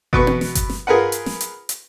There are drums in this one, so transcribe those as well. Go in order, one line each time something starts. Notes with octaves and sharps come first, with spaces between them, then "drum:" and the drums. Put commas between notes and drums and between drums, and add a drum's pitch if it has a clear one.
B2 B4 C#6, drum: kick G1
drum: tom B3
drum: snare
drum: kick G1, hi-hat
drum: snare
F4 G#4 A#4 B4 F#5
drum: hi-hat
drum: snare
drum: hi-hat
drum: hi-hat